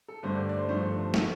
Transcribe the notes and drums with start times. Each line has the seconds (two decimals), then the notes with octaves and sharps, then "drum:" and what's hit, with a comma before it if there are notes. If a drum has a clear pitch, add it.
0.08 A4
0.23 G2 D3 A3 C5
0.35 D5
0.49 D5
0.57 C5
0.68 G2 F3 A3 C5
0.84 A4
0.99 C5
1.14 F3 A3 A4, drum: snare